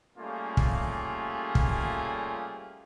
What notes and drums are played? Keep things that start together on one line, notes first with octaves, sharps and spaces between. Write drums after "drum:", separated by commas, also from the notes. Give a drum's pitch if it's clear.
G3 A3 A#3 C#4 F4 G#4
drum: kick
drum: kick